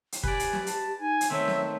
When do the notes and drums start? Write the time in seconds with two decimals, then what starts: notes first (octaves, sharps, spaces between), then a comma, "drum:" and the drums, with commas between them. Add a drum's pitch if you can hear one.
0.12 drum: hi-hat
0.23 G4 B4 D5 G#5, drum: kick
0.39 drum: hi-hat
0.53 drum: snare
0.67 A5, drum: hi-hat
0.99 D#4 G#5
1.21 drum: hi-hat
1.30 D#3 A3 C4 C#5 E5
1.48 drum: snare